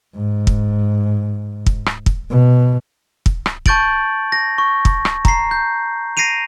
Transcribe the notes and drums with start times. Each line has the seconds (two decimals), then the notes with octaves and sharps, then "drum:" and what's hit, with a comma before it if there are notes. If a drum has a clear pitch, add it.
0.15 G#2
0.47 drum: kick
1.66 drum: kick
1.86 drum: rim click
2.06 drum: kick
2.30 B2
3.26 drum: kick
3.46 drum: rim click
3.66 A5 C#6 G6 A6 D7 F#7, drum: kick
4.32 A#6
4.58 C#6
4.85 drum: kick
5.05 drum: rim click
5.25 A#5 C7, drum: kick
5.51 G6
6.17 A#6 C7 D7 D#7 F7